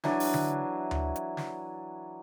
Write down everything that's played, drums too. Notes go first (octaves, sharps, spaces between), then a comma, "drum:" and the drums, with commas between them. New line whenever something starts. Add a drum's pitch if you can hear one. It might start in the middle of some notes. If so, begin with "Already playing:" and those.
E3 F#3 D4 G#5, drum: snare
drum: open hi-hat
drum: tom D3
drum: tom D2
drum: hi-hat
drum: snare